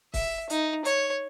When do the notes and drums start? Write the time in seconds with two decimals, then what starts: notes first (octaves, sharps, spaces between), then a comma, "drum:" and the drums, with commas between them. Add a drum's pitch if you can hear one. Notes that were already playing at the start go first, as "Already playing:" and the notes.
0.14 E5, drum: kick, open hi-hat
0.50 D#4, drum: hi-hat
0.85 C#5, drum: hi-hat